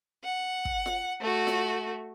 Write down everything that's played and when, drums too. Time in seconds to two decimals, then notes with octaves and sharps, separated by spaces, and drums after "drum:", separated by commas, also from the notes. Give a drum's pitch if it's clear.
0.24 F#5
0.65 drum: kick
0.86 drum: snare F4
1.21 A3 F#4
1.47 drum: snare F4